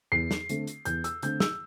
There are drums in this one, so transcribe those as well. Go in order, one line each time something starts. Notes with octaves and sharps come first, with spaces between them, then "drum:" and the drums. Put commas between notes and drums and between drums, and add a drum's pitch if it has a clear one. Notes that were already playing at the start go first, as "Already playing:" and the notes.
E2 C7
drum: snare
D3 A3 C4, drum: hi-hat
drum: hi-hat
E2 G6, drum: hi-hat
E6, drum: hi-hat
D3 A3 C4 G6, drum: hi-hat
E6, drum: snare